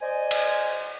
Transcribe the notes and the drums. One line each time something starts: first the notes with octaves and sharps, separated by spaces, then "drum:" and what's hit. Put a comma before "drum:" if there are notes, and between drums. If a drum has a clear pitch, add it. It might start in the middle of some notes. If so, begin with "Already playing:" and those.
C5 D5 D#5 G#5
drum: cymbal